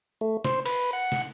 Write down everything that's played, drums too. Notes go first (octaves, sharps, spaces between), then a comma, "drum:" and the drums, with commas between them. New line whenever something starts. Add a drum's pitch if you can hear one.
A3
C5, drum: snare
B4, drum: cymbal
F#5
drum: snare